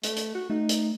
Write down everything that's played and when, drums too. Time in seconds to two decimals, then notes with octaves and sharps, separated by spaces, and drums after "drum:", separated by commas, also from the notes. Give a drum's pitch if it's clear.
0.03 A3, drum: hi-hat
0.17 drum: hi-hat
0.35 F#4
0.50 A3 D#4
0.69 drum: hi-hat